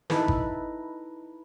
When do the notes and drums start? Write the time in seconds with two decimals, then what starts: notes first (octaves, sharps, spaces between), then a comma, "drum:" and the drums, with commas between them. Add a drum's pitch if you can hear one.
0.10 D#4 E4 A4 B4, drum: snare
0.28 drum: kick G#1